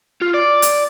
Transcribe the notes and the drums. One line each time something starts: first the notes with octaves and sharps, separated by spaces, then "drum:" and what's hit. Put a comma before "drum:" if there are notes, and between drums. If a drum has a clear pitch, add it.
F4
D5
drum: hi-hat